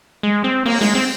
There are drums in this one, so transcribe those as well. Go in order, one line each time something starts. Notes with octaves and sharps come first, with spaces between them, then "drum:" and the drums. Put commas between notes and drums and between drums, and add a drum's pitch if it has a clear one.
G#3
C4
A#3, drum: cymbal
G#3, drum: snare
C4